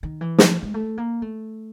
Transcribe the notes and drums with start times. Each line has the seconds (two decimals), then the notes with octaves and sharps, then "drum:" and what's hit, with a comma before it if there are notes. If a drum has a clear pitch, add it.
0.03 D#3
0.21 E3
0.38 F3, drum: snare
0.63 G#3
0.74 A3
0.98 A#3
1.22 A3